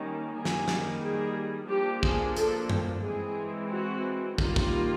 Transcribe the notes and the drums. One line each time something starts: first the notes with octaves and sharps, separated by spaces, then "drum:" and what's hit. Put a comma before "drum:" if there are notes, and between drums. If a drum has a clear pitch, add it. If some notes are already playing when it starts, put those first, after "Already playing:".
Already playing: D#3 G3 A#3 C#4
D#3 G3 A#3 G#4
drum: snare
drum: snare
G#4
F3 A#3 D4 G4
G#4, drum: kick
A4, drum: hi-hat
drum: tom G2
E3 G#3 C4 G#4
F#4
D#3 G3 A#3 F4, drum: kick
drum: kick